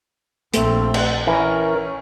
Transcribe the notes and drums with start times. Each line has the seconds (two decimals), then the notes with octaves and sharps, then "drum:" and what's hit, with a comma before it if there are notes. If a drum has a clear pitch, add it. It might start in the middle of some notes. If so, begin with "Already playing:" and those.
0.54 A#1 A3 C4, drum: hi-hat
0.94 drum: cymbal
1.27 E3 C#4 A#4